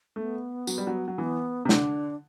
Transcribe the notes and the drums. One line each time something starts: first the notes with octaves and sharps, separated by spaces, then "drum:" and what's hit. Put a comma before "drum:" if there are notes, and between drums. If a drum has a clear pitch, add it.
A3 B3
F#3, drum: tambourine
G3
F#3
F#3
E3 B3
C3
D3 D4, drum: snare